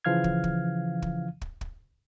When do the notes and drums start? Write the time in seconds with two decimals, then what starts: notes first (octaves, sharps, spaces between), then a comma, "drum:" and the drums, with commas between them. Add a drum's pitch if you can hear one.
0.05 C#3 E3 F3 F5 F6 G#6
0.24 drum: kick
0.44 drum: kick
1.02 drum: kick
1.41 drum: kick
1.61 drum: kick